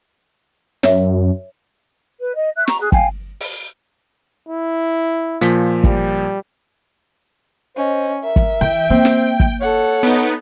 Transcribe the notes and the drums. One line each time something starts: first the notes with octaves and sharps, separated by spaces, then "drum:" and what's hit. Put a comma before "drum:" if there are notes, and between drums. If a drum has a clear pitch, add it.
F#2 C#5 E5, drum: snare
B4
D#5
E5 F#6
A#5 C#6, drum: snare
G#4 F#6
F5 G5 G#5, drum: kick
drum: open hi-hat
E4
A#2 F3 B6, drum: hi-hat
G3, drum: kick
C#4 C5 D#5
A#4 E5
drum: kick
E3 G5
A#3 C4
drum: snare
drum: kick
A4 C#5 F#5
B3 D#4, drum: open hi-hat